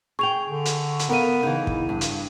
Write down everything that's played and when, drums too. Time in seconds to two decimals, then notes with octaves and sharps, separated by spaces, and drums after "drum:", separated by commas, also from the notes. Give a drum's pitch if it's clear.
0.19 G#4 G5 C#6 F7
0.49 D3
0.65 drum: hi-hat
0.99 drum: hi-hat
1.09 B3 A#4 F5 F#5 D#7
1.43 C#3 E3 D#4
1.67 drum: kick
1.89 G2
2.01 drum: hi-hat